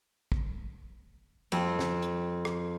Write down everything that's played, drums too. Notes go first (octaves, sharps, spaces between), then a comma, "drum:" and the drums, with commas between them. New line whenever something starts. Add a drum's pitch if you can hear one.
drum: kick
F2, drum: cymbal
drum: snare
drum: hi-hat
drum: rim click